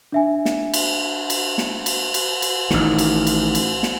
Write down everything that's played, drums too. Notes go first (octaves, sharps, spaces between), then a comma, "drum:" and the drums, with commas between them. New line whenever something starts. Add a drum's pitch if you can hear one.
D4 E5 G#5
drum: snare
drum: cymbal
drum: cymbal
drum: snare
drum: cymbal
drum: cymbal
drum: cymbal
A1 D#3, drum: snare
drum: cymbal
drum: cymbal
drum: cymbal
drum: snare